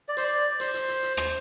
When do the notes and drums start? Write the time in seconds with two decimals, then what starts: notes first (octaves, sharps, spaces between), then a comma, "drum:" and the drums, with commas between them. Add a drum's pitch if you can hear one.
0.08 D5
0.17 C5, drum: hi-hat
0.24 D5
0.50 D5
0.60 C5, drum: hi-hat
0.74 drum: hi-hat
0.88 drum: hi-hat
1.03 drum: hi-hat
1.17 C5, drum: rim click